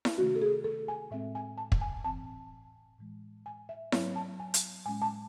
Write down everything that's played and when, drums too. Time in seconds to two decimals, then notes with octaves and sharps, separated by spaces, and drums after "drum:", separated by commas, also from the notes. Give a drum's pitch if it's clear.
0.05 drum: snare E4
0.17 C3 D#3 A3 C#4 F#4
0.36 A4
0.42 G#4
0.64 A4
0.88 G#5
1.11 A2 G#3 C4 E5
1.35 G#5
1.58 A5
1.72 drum: kick
1.81 G#5
2.04 A2 E3 C4 A5
2.98 A2 E3 G#3
3.46 G#5
3.69 E5
3.92 G#2 F#3 C4 C#5, drum: snare E4
4.16 A5
4.40 G#5
4.54 drum: hi-hat
4.86 A2 G#3 C#4 G#5
5.02 A5